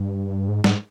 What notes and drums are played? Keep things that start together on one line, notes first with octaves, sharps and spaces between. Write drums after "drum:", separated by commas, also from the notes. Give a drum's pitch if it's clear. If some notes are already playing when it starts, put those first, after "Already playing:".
Already playing: G2
G#2
G#2, drum: snare